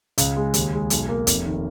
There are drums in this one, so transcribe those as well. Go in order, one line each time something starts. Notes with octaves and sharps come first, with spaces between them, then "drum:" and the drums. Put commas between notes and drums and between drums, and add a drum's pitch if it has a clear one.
C#2, drum: hi-hat
G#3
D#2, drum: hi-hat
G#3
B1, drum: hi-hat
A#3
F1, drum: hi-hat
D#3